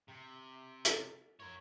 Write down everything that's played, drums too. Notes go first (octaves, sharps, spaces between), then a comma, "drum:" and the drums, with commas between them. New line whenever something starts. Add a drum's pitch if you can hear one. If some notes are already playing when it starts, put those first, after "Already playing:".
C3
drum: hi-hat
A#4 C#5